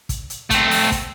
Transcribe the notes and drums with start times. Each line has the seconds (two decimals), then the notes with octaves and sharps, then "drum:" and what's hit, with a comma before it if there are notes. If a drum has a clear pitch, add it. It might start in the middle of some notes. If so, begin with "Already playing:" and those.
0.09 drum: kick, hi-hat
0.30 drum: hi-hat
0.50 A3 C4, drum: kick, hi-hat
0.71 drum: open hi-hat
0.92 drum: kick, hi-hat